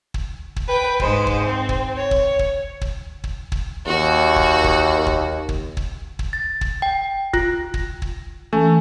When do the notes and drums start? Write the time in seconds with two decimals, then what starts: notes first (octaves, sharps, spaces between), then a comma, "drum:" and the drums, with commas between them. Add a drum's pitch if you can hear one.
0.14 drum: kick
0.56 drum: kick
0.67 B4 G5
1.00 G#2 G#3 C5, drum: kick
1.27 drum: kick
1.43 C4
1.69 drum: kick
1.96 C#5
2.11 drum: kick
2.39 drum: kick
2.81 drum: kick
3.24 drum: kick
3.52 drum: kick
3.86 D#2 F#4
4.36 drum: kick
4.64 drum: kick
5.06 drum: kick
5.49 drum: kick
5.77 drum: kick
6.19 drum: kick
6.33 A6
6.61 drum: kick
6.82 G5
7.33 F4, drum: kick
7.74 drum: kick
8.02 drum: kick
8.53 E3 A3 C#4 G#5